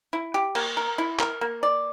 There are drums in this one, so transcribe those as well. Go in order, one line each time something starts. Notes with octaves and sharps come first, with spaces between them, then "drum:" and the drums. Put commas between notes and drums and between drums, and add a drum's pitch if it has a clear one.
E4
G4
A#3, drum: cymbal
A#4
E4
A#4, drum: clap
A#3
D5